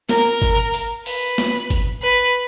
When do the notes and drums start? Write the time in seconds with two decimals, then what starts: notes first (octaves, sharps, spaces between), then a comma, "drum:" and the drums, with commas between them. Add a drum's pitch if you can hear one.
0.09 A#4, drum: snare A#3
0.42 drum: kick
0.74 drum: hi-hat
1.06 B4, drum: open hi-hat
1.38 drum: snare A#3
1.70 drum: kick, hi-hat
2.03 B4